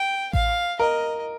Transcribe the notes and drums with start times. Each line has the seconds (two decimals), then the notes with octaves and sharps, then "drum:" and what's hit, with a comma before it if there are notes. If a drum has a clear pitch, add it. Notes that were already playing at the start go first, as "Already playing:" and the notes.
Already playing: G5
0.33 F5, drum: kick A1
0.79 A#4 D#5